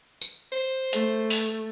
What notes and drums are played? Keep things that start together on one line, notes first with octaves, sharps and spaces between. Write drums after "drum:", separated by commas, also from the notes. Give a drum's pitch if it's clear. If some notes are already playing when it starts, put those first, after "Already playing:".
drum: tambourine
C5
A3, drum: hi-hat
drum: open hi-hat